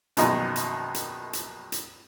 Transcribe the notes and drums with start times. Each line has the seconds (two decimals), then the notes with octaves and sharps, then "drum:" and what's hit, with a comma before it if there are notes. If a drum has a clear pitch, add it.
0.17 A#1 F#2 B2 D#3 D#5 A#5, drum: hi-hat
0.56 drum: hi-hat
0.94 drum: hi-hat
1.33 drum: hi-hat
1.72 drum: hi-hat